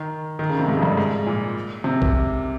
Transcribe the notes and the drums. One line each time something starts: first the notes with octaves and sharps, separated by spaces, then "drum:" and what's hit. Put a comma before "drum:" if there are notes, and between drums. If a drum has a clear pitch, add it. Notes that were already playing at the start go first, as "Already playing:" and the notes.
Already playing: D#3
D#3
C#3
C3
G#2
F2
G2
G#2
A#2
C3
drum: kick B1